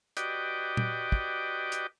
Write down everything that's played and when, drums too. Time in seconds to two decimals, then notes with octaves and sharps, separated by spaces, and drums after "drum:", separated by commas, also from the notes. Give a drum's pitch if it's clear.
0.17 F#4 G4 B4 D5 D#5 G5, drum: hi-hat
0.77 drum: tom A#2
1.12 drum: kick
1.72 drum: hi-hat